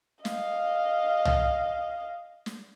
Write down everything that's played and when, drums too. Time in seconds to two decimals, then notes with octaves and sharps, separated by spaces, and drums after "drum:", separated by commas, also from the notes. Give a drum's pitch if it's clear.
0.25 D#5 F5, drum: snare
1.25 drum: tom
2.46 drum: snare